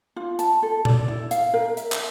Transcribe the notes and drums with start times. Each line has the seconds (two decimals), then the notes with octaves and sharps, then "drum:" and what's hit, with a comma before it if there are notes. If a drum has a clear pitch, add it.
0.16 F4
0.39 A5, drum: hi-hat
0.63 A4
0.85 D5, drum: tom A#2
1.08 E4
1.31 F5, drum: hi-hat
1.53 A#4
1.77 E5, drum: hi-hat
1.92 drum: clap